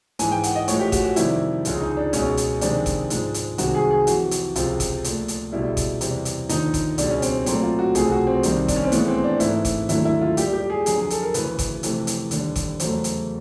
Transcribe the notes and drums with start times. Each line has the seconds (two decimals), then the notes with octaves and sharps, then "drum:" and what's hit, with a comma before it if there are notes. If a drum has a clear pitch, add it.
0.19 G#2 E3 G#3 G#5, drum: hi-hat
0.32 G5
0.44 F#5, drum: hi-hat
0.55 D#5
0.68 A2 F3 G#3 C#5, drum: hi-hat
0.80 G4
0.92 F#4, drum: kick G1, hi-hat
1.04 F#4
1.16 F2 C3 D#3 G3 E4, drum: hi-hat
1.65 C#2 C#3 F3 G#3, drum: hi-hat
1.81 D#4
1.97 D4
2.13 C#2 B2 G#3 C#4, drum: hi-hat
2.37 drum: hi-hat
2.61 F2 C3 D#3 G#3 D4, drum: hi-hat
2.86 drum: kick G1, hi-hat
3.10 G#2 F3 G#3, drum: hi-hat
3.34 drum: hi-hat
3.58 C2 C3 D#3 G#3 F#4, drum: hi-hat
3.74 G#4
3.91 G#4
4.07 F2 C3 E3 F#4, drum: hi-hat
4.31 drum: hi-hat
4.56 C#2 C3 F3 F4, drum: hi-hat
4.80 drum: kick G1, hi-hat
5.04 A#2 F3 A3, drum: hi-hat
5.28 drum: hi-hat
5.52 C#2 B2 G3 E4
5.77 drum: kick G1, hi-hat
6.01 E2 C3 E3 G3, drum: hi-hat
6.25 drum: hi-hat
6.49 D#2 D3 F3 D#4, drum: hi-hat
6.74 drum: kick G1, hi-hat
6.98 C#2 B2 G3 D4, drum: hi-hat
7.10 C#4
7.22 C4, drum: hi-hat
7.46 A#2 F#3 A3 C4, drum: hi-hat
7.63 F4
7.79 F#4
7.95 C#2 C3 F3 A3 G#4, drum: hi-hat
8.11 F#4
8.27 C4
8.43 C2 C3 D#3 G3, drum: hi-hat
8.68 D4, drum: kick G1, hi-hat
8.76 C#4
8.84 C4
8.92 A2 E3 G#3 B3, drum: hi-hat
9.08 C4
9.24 D4
9.40 G#2 E3 A3 E4, drum: hi-hat
9.65 drum: kick G1, hi-hat
9.89 D#2 D3 F#3 A3 E4, drum: hi-hat
10.05 E4
10.21 F4
10.37 A#2 G3 G4, drum: hi-hat
10.53 G4
10.70 G#4
10.86 F2 D3 F#3 G#4, drum: hi-hat
10.98 G#4
11.10 A4, drum: hi-hat
11.22 A#4
11.34 D2 C#3 E3 B4, drum: hi-hat
11.59 drum: kick G1, hi-hat
11.83 F2 C3 E3 A3, drum: hi-hat
12.07 drum: hi-hat
12.31 D#2 D3 G3, drum: hi-hat
12.56 drum: kick G1, hi-hat
12.80 E2 C#3 F#3 A3 C5, drum: hi-hat
13.04 drum: hi-hat